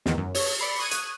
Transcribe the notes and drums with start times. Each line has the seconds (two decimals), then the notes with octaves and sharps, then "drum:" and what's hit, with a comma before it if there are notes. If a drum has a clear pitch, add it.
0.06 E2 G#2 D#3 E3, drum: snare
0.18 F#2
0.35 C#5, drum: open hi-hat
0.58 D5 B5 C7 C#7
0.79 C#6 D#6 F#6 G#6 D#7
0.91 drum: hi-hat